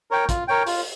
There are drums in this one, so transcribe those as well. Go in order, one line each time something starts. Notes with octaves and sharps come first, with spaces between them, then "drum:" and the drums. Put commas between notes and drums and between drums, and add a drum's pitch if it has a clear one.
A#4 C#5 G5
F4, drum: kick, hi-hat
A#4 C#5 G5
F4, drum: open hi-hat